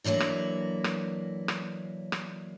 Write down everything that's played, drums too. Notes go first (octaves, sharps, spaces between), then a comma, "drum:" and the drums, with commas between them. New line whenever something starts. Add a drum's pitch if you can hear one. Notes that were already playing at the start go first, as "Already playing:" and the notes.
D3 E3 F#3 A#3 E4
drum: rim click
drum: rim click
drum: rim click
drum: rim click